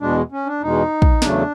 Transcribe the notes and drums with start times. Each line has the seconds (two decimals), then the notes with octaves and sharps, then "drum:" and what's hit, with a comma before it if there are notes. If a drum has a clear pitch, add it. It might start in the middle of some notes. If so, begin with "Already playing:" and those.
0.01 E2 B2 G#3 D4
0.32 C#4
0.46 D4
0.62 E2 B2 G#3 D#4
1.02 drum: kick
1.22 E2 C#3 F#3 A3 D4, drum: snare